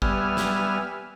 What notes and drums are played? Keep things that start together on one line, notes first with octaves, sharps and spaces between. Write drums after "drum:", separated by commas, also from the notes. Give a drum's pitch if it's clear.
G3 B3 E5 G#5 F6, drum: kick
drum: snare